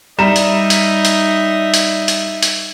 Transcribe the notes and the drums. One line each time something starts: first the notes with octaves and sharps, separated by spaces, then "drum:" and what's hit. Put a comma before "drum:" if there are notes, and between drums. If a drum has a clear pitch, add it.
G3 D#4 E5 A#5 E7
drum: hi-hat
drum: hi-hat
drum: hi-hat
drum: hi-hat
drum: hi-hat
drum: hi-hat